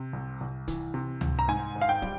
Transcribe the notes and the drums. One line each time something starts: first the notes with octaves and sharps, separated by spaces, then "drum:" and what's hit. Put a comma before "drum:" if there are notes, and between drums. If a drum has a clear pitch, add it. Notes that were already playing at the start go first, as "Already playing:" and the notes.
Already playing: C3
C2
C2
E3, drum: kick, hi-hat
C3
C2, drum: tom C#2
A#5
G#2 G#5
G#1
F5
G5
G3, drum: kick